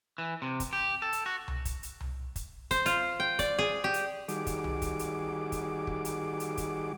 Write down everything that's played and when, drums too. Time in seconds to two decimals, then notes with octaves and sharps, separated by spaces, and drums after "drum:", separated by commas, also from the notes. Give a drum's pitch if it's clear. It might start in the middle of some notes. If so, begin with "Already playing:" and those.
0.18 E3
0.42 C3
0.60 drum: kick, hi-hat
0.73 G4
1.02 A4
1.13 drum: hi-hat
1.26 F#4
1.48 drum: tom C2
1.65 drum: kick, hi-hat
1.83 drum: hi-hat
2.00 drum: tom C2
2.36 drum: kick, hi-hat
2.71 C5, drum: kick, hi-hat
2.86 F4, drum: hi-hat
3.20 G5
3.39 D5, drum: kick, hi-hat
3.59 G#4
3.84 G4
3.94 drum: hi-hat
4.28 D#3 G3 F#4 G#4 D6, drum: hi-hat
4.47 drum: kick, hi-hat
4.64 drum: tom C2
4.82 drum: kick, hi-hat
4.99 drum: hi-hat
5.52 drum: kick, hi-hat
5.87 drum: kick
6.05 drum: hi-hat
6.40 drum: hi-hat
6.57 drum: kick, hi-hat